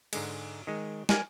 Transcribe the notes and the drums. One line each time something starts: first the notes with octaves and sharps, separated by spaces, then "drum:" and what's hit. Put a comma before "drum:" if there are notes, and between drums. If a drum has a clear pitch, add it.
G#2 D3 G#3, drum: cymbal
D#3 G#3
G3 A#4 G#5, drum: snare